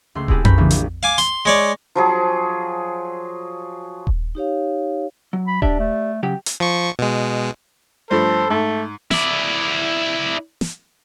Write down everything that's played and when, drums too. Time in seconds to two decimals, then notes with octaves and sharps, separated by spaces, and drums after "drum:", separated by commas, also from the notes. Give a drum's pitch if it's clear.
0.15 C#2 A3 C6
0.28 C4 E4 G4 G#4 B4 A5, drum: kick D#1
0.45 A#4 B4 B5 C#6 G6, drum: tom F2
0.58 C#3 E3 G3 A#3 D4
0.71 A#1, drum: hi-hat
1.03 F5 G#5 D6
1.18 C6, drum: hi-hat
1.45 G#3 C#5 D5
1.95 F3 F#3 G#4
4.07 drum: kick D#1
4.35 D#4 G4 C#5 F5
5.33 F#3
5.47 B5
5.62 D4 G4 D5 E5, drum: kick D#1
5.79 A3
6.23 C#3 F#3 G4 G5
6.46 drum: hi-hat
6.60 F3 C#6
6.99 B2 G#3
8.11 G2 F3 A3 A4 C5
8.50 G#2 A3
9.11 E4 D5, drum: snare
10.61 drum: snare